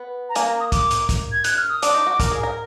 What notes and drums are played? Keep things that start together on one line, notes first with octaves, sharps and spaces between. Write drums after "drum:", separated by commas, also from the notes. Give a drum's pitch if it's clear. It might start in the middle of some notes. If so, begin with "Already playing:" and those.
Already playing: B3
A#5
A#3 G#5, drum: hi-hat
A#5
D#6
D6, drum: kick, hi-hat
drum: hi-hat
drum: kick, hi-hat
G#6
F#6, drum: hi-hat
F6
D#6
D4 D6, drum: hi-hat
D#4
F#4
A#4, drum: kick, hi-hat
G#4
A#4